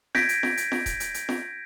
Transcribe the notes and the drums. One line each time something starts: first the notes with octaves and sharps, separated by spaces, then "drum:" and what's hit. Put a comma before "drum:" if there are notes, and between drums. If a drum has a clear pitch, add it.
G6 G#6 A#6 B6 D7, drum: snare
drum: hi-hat
drum: snare
drum: hi-hat
drum: snare
drum: kick D#1, hi-hat
drum: hi-hat
drum: hi-hat
drum: snare